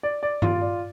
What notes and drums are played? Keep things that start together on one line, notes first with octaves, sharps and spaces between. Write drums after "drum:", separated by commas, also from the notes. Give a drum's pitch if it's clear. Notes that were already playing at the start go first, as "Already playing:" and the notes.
D5
D5
F4, drum: tom G2
D5